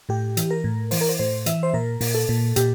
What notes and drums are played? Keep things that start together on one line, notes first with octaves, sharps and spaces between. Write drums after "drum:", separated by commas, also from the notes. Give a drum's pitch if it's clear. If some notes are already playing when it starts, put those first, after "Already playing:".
A2 G4
E3, drum: hi-hat
A#4
A2
E3 C5, drum: open hi-hat
A#4
C5
A2 C5
E3 E5, drum: hi-hat
C5
A#2 A#4
A#2, drum: open hi-hat
A4
A#2
A#2 G4, drum: hi-hat